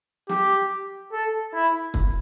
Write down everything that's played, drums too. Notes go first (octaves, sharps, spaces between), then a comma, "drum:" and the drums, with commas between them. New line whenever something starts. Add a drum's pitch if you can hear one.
G4, drum: snare
A4
E4
drum: kick